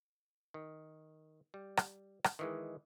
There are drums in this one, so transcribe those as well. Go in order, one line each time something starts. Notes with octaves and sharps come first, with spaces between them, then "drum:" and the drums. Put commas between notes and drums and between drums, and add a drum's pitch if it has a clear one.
D#3
G3
drum: rim click
drum: rim click
D#3 E3 G#3